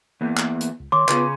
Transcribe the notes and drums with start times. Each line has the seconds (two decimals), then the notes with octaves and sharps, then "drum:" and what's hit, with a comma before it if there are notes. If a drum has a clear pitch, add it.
0.21 E3 A#3 B3
0.37 drum: clap
0.61 drum: hi-hat
0.80 C#2
0.92 D#3 C#5 C6 D6
1.08 C#3 B3 C#4 F4 G#4 B4, drum: clap